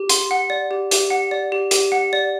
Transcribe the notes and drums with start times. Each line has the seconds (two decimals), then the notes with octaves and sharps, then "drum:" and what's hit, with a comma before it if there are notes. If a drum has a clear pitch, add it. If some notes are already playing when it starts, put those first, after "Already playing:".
Already playing: G4
0.09 C6, drum: hi-hat
0.31 F#5
0.50 D5
0.71 G4
0.91 G4, drum: hi-hat
1.10 F#5
1.31 D5
1.52 G4
1.71 G4, drum: hi-hat
1.92 F#5
2.13 D5